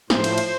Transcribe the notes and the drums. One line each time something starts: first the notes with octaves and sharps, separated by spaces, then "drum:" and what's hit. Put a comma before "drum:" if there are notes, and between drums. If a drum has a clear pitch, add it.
A2 F3 C5, drum: snare
drum: cymbal
drum: cymbal